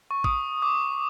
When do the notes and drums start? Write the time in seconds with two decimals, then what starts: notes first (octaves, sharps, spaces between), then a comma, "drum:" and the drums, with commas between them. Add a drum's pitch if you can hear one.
0.11 C#6
0.24 D#6, drum: kick A1
0.62 D6